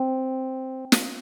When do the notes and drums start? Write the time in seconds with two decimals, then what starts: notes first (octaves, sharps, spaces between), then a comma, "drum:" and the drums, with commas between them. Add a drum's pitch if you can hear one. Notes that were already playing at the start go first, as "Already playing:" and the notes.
Already playing: C4
0.92 drum: snare